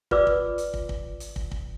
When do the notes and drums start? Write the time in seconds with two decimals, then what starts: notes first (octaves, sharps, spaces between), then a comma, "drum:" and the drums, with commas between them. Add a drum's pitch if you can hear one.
0.11 F4 B4 D5 D6 E6, drum: kick
0.27 drum: kick
0.58 drum: hi-hat
0.74 drum: kick
0.89 drum: kick
1.20 drum: hi-hat
1.36 drum: kick
1.51 drum: kick